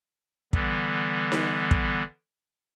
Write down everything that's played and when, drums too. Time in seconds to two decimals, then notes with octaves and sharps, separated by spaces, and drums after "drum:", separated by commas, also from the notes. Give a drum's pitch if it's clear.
0.53 D3 E3 G3 B3, drum: kick
1.32 drum: snare D#4
1.71 drum: kick